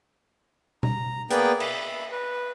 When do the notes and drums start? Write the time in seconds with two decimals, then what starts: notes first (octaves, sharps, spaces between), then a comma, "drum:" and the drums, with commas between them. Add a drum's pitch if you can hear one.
0.83 A#5, drum: tom B2
1.31 A#3 B3 G#4 B4 D5 G5, drum: hi-hat
1.60 E5 B5, drum: cymbal
2.12 B4